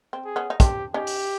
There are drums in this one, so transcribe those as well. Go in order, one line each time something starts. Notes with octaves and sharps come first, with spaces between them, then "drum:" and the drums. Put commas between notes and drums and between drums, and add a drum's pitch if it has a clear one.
C4
G#4
B3 C#4
D#4
C4 D4 G4, drum: kick, hi-hat
C#4 D#4 G4
drum: open hi-hat